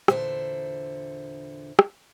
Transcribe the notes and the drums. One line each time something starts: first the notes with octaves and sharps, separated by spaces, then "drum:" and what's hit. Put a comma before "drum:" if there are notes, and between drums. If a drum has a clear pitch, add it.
E2 A#2 D3 G#3 C5 E5, drum: rim click
drum: rim click